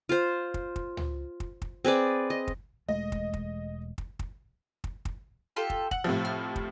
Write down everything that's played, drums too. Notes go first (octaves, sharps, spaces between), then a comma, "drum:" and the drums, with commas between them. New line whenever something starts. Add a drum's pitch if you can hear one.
F4 C5
drum: kick
drum: kick
drum: tom C#2
drum: kick
drum: kick
C4 G#4 B4 D5
D#5
drum: kick
E1 G#3 A3 D#5
drum: kick
drum: kick
drum: kick
drum: kick
drum: kick
drum: kick
F4 G4 A4
drum: kick
F#5, drum: kick
A2 C3 F3
F6
drum: kick